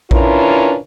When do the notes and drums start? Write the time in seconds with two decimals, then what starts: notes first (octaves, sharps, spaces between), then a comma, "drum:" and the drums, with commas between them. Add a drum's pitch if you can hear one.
0.11 C#4 D4 E4 F4 A#4 B4, drum: kick A#1